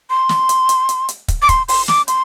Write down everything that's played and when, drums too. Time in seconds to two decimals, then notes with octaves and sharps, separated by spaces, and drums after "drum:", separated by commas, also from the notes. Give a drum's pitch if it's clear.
0.10 C6
0.29 drum: snare
0.49 drum: hi-hat
0.69 drum: hi-hat
0.89 drum: hi-hat
1.09 drum: hi-hat
1.28 drum: kick, hi-hat
1.42 D6
1.49 C6, drum: kick, hi-hat
1.68 C6, drum: open hi-hat
1.88 D6, drum: snare
2.08 C6, drum: hi-hat